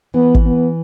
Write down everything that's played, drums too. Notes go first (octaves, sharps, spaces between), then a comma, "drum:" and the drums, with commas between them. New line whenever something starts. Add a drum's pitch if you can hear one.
E3 B3
drum: kick
B3